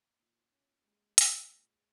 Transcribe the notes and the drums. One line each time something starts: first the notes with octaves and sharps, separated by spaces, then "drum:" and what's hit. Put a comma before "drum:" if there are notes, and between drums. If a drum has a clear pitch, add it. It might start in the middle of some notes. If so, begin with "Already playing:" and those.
Already playing: A#3
A#2
C#4
G3 G#3
G#3 A#3, drum: hi-hat
A#2